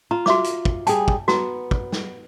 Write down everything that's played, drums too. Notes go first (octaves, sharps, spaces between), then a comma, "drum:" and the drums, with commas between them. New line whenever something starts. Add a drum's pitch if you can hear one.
F4 A#5
F#4 E5 D6, drum: snare
drum: hi-hat
drum: kick
G3 G#4 G#5 A5, drum: hi-hat
drum: kick
B3 F#4 A#5, drum: snare
drum: kick
drum: snare